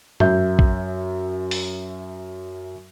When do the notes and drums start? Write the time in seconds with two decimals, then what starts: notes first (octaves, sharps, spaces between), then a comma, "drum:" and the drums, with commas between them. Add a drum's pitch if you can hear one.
0.20 F#2 E5 G6, drum: tom G2
0.59 drum: kick
1.51 drum: open hi-hat